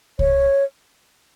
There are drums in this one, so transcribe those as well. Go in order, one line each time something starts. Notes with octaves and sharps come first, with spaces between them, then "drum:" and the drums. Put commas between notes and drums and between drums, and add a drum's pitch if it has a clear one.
C#5, drum: kick C2